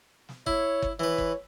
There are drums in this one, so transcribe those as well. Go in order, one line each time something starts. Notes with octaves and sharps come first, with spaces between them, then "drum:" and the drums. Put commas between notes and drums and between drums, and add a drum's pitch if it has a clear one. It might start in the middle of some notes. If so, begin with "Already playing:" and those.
drum: snare
E4 C#5, drum: kick
drum: kick
E3 B4 C#5
drum: kick